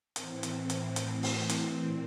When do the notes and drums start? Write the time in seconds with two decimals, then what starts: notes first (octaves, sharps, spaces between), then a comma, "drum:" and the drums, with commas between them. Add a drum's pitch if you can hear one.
0.16 A2 E3 C4, drum: hi-hat
0.43 drum: hi-hat
0.70 drum: hi-hat
0.96 A2 E3 C4, drum: hi-hat
1.23 drum: open hi-hat
1.49 drum: hi-hat
1.76 A#2 C4